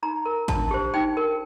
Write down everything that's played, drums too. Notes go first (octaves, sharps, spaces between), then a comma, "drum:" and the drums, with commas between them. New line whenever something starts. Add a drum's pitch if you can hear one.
D#4 A#5
A#4
D4 A5, drum: kick G#1, hi-hat
G4 C5
D#4 G5
A#4